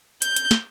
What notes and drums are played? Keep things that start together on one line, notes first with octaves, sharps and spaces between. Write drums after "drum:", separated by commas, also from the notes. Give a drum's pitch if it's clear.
G6, drum: hi-hat
drum: hi-hat
drum: snare